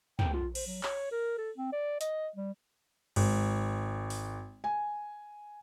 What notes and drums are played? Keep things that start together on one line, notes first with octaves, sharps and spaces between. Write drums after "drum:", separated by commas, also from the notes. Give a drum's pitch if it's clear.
G5, drum: tom
F4
C5, drum: cymbal
F#3
C#5, drum: clap
A#4
A4
C4
D5
D#5, drum: hi-hat
G3
G#1, drum: cymbal
drum: open hi-hat
G#5